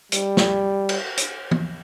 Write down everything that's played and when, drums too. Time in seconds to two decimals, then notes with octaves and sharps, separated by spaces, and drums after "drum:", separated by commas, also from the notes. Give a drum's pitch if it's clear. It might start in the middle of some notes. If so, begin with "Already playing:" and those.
0.12 G3, drum: hi-hat
0.37 drum: snare
0.89 drum: cymbal
1.17 drum: hi-hat
1.51 drum: tom E3